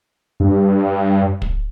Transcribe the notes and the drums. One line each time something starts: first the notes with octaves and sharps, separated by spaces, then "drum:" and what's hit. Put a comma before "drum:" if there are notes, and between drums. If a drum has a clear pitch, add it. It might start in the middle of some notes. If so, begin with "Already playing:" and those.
G2
drum: kick